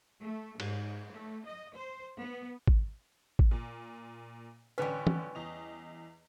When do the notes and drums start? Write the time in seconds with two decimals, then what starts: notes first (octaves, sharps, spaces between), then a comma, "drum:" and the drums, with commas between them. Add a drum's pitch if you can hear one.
0.22 A3
0.60 G#2, drum: cymbal
1.13 A3
1.46 D#5
1.75 C5
2.20 B3
2.67 drum: kick G#1
3.39 drum: kick G#1
3.51 A#2
4.78 A1 D3 G3 C#4 B4 B6
5.07 drum: tom E3
5.35 E2 D#5 F7